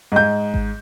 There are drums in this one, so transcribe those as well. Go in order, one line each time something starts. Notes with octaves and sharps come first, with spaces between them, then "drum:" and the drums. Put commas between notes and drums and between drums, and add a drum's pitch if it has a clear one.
G#2 G6
drum: kick G#1